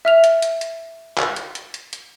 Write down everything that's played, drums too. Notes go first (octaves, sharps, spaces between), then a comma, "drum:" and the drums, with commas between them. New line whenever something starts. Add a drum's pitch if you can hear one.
E5 F6 F7
drum: hi-hat
drum: hi-hat
drum: hi-hat
drum: clap
drum: hi-hat
drum: hi-hat
drum: hi-hat
drum: hi-hat